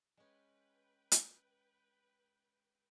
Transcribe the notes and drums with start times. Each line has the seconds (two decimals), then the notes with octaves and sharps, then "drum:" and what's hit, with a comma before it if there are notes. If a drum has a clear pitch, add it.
0.17 G#3 C#4 B4 G5
1.12 drum: hi-hat